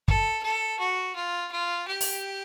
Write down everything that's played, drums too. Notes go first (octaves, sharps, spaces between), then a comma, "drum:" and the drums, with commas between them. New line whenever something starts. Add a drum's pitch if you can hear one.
A4, drum: kick
A4
F#4
F4
F4
G4
drum: open hi-hat